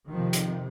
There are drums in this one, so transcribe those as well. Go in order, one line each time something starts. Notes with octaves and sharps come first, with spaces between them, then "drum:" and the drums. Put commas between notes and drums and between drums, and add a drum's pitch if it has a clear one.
F2 C3 D#3 F3
drum: hi-hat